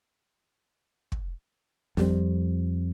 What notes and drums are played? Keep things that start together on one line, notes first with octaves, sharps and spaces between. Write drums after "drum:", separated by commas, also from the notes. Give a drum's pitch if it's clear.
drum: kick
F2 G3 C4, drum: snare